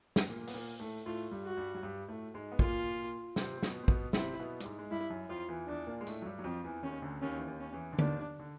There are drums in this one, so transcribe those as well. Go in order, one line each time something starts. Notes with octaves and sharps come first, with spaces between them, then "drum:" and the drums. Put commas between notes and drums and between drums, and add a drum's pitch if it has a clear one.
drum: snare
A#2 A#3
B3, drum: open hi-hat
A#2 A#3
A2 A3
A2 A3 F4
G2 G3
F#4
G2 G3
F#3
G2 G3
A2 A3
G#2 G#3
B3
A#2 A#3 F4, drum: kick
C3 C4, drum: snare
C4
B2 B3, drum: snare
C4
B2 B3, drum: kick
C3 C4 E4, drum: snare
B2 B3
G3, drum: hi-hat
G#2 G#3
G#3
G2 G3 E4
F#2 F#3
F2 F3 F4
E2 E3
E2 E3 D4
A#2 A#3
G#3
A2 A3, drum: tambourine
F#3
G2 G3
F#3
F2 F3 C4
E2 E3
D#2 D#3 C#4
D2 D3
D#2 D#3 C#4
E3
D#2 D#3
C#4
E2 E3
D3
D#2 D#3 D4, drum: tom D3
D3